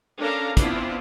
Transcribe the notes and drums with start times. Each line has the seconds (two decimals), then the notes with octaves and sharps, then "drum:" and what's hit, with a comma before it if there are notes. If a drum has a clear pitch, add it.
0.20 C#4 D4 A4 A#4 F5 A#5
0.57 E3 B3 C4 D4 E4 F4, drum: kick, hi-hat